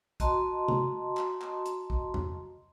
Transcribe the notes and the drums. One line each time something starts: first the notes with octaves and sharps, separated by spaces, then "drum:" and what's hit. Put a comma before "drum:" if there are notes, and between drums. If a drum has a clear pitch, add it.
F#4 D#5 A5 A#5 C6, drum: kick, hi-hat
drum: tom
drum: clap
drum: clap
drum: hi-hat
drum: kick
drum: tom E2